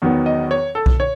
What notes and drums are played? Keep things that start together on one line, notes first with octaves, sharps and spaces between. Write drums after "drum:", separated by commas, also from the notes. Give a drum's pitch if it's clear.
E2 D#3 F#3 B3
D#5
C#5
A4
drum: kick B1
C#5